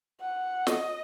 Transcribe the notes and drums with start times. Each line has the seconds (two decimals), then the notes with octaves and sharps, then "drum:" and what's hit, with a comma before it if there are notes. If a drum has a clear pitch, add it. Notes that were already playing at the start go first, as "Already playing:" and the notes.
0.21 F#5
0.67 D#5, drum: snare